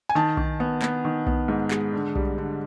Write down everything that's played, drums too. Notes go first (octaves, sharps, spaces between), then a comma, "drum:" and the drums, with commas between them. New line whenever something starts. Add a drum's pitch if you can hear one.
G#5
D#3 A5
D#3, drum: kick B1
B3
B3, drum: clap
D#3
B3, drum: kick B1
G#2
G#3, drum: clap
D3
G3, drum: kick B1
D3